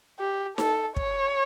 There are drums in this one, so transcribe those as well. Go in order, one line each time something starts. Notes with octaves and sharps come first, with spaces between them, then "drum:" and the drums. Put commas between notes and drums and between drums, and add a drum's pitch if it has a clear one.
G4
A4, drum: snare D#4
C#5, drum: kick